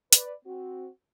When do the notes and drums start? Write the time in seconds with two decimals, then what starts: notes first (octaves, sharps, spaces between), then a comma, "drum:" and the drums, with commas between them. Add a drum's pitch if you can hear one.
0.13 B4 D5, drum: hi-hat
0.46 C4 F#4